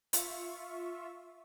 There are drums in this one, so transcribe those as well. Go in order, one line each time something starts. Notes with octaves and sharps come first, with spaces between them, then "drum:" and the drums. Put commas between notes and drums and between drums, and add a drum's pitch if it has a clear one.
F4 E5 C#6, drum: hi-hat